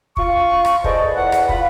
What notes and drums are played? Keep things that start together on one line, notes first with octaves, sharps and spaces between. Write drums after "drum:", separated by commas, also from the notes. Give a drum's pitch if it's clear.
F4 C#6, drum: kick
drum: rim click
G#4 A4 B4 C5 D5 D#5, drum: kick
E2 F#5
drum: rim click
F4 B5, drum: kick